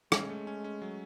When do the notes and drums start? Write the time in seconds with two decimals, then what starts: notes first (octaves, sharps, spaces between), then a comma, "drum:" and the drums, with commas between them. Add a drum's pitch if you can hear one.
0.12 G#3 C#4, drum: rim click
0.30 A3
0.47 C#4
0.64 C#4
0.82 F#3